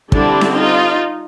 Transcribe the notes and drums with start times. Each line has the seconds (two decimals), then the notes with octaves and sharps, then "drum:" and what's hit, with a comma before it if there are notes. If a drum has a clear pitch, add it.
0.12 D3 G3 C4 D4 E4, drum: kick
0.41 drum: snare C#4
0.57 D#4 F4